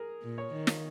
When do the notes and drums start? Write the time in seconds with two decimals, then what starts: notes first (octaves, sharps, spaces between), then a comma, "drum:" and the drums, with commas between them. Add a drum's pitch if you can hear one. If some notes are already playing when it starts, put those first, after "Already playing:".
Already playing: G#4 A#4
0.23 A#2
0.38 C#5
0.52 D#3
0.67 drum: snare